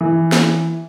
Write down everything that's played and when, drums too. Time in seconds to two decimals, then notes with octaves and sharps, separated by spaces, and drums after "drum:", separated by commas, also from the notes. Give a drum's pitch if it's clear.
0.01 E3
0.32 drum: snare